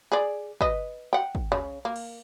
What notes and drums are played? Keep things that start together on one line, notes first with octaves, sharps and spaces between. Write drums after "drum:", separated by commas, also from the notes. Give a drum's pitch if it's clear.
G#4 D5
B4 D#5, drum: kick
F#5 G5
drum: kick
C#3, drum: tom
A#3
drum: cymbal